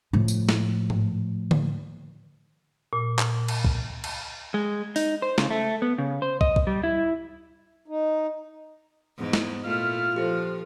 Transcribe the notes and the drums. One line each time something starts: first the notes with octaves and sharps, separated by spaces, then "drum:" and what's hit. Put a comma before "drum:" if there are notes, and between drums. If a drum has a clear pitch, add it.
A2 F3
drum: tambourine
drum: snare
drum: tom G#2
drum: tom D3
A#2
drum: clap
drum: cymbal
drum: kick
drum: cymbal
G#3
D#4, drum: open hi-hat
C5
C#3, drum: snare
A3
B3
C#3
C5
D#5, drum: kick
drum: kick
G3
E4
D#4
E2 G#2 D#4
drum: snare
A#2 A3 E4 F4 F6
F3 G4 A4 C5